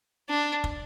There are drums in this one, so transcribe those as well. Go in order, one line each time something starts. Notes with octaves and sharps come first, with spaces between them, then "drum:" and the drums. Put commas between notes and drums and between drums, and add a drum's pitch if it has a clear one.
D4
drum: kick